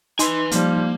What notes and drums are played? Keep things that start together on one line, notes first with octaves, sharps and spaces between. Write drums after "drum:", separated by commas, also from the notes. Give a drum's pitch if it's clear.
D#4 B4 G#5 C6, drum: hi-hat
F3 G3 A#3, drum: hi-hat